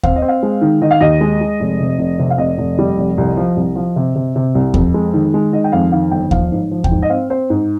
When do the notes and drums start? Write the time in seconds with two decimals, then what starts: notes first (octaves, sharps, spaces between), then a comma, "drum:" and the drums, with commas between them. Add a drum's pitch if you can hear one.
0.03 C4 F5, drum: kick D#2
0.16 D#5
0.22 C4
0.28 F5
0.43 G#3
0.61 D#3
0.82 D#3 D#5
0.91 F5
1.00 D#2 D#5
1.21 G#3
1.41 G#3
1.60 F1
1.80 C3
1.99 F1
2.19 C3
2.30 F5
2.38 F1 D#5
2.58 F1
2.79 G3
2.98 F1
3.18 C2
3.37 F3
3.56 C2
3.76 F3
3.96 C3
4.16 C3
4.36 C3
4.55 C2
4.74 F2, drum: kick D#2
4.94 G#3
5.14 D#3
5.34 G#3
5.52 D#3 D#5
5.64 G5
5.72 F2 F5
5.92 D#3 F5
6.11 G1 G5
6.31 F3 F5, drum: kick D#2
6.52 G#2
6.71 F3
6.84 G5, drum: kick D#2
6.91 G#2
7.02 D#5
7.10 C4 F5
7.30 C4 C5
7.50 G#2